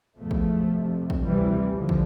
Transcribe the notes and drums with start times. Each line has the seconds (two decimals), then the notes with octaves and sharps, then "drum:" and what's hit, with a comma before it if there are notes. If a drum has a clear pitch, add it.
0.17 E2 B2 F3 A3
0.31 drum: kick
0.70 F2 C3
1.10 drum: kick
1.23 D2 C3 E3 G3
1.75 D3 F3
1.89 drum: kick